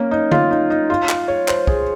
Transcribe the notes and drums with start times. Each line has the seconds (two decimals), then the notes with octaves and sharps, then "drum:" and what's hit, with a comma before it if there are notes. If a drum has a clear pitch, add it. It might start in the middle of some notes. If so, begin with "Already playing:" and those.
Already playing: A#3 C#4
0.11 D#4
0.31 F4, drum: tom D3
0.51 D#4
0.70 D#4
0.90 F4
1.09 drum: clap
1.28 C#5
1.48 C5, drum: clap
1.67 G#4, drum: kick